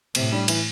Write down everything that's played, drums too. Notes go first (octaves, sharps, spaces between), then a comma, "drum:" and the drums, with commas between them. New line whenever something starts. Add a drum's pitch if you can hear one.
A2 C3, drum: cymbal
G3 D4
E3, drum: cymbal